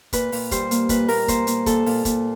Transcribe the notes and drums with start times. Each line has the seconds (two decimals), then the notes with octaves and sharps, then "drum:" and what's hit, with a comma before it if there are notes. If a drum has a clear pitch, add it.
0.13 A#2 B4, drum: kick, hi-hat
0.32 A#2, drum: open hi-hat
0.51 G3 C5, drum: kick, hi-hat
0.71 A#3, drum: hi-hat
0.89 A#2 B4, drum: kick, hi-hat
1.08 A#2 A#4, drum: open hi-hat
1.28 A#2 C5, drum: kick, hi-hat
1.47 A#3, drum: hi-hat
1.66 A#2 A4, drum: kick, hi-hat
1.86 A#2, drum: open hi-hat
2.05 A#2, drum: kick, hi-hat